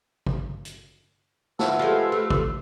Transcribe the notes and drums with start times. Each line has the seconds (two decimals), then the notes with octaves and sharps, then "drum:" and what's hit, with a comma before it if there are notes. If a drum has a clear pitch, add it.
0.26 drum: kick
0.65 drum: hi-hat
1.59 F4 B4 E5 F#5 A5 E6, drum: snare
1.79 F3 G#3 A3 G4 C7
2.12 A3
2.30 drum: kick